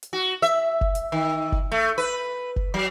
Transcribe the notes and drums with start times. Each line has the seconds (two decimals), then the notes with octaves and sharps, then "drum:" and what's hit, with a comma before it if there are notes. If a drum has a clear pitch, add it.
0.03 drum: hi-hat
0.13 F#4
0.42 E5
0.81 drum: kick F#1
0.95 drum: hi-hat
1.12 D#3
1.52 drum: kick F#1
1.72 A3
1.98 B4
2.56 drum: kick F#1
2.74 F#3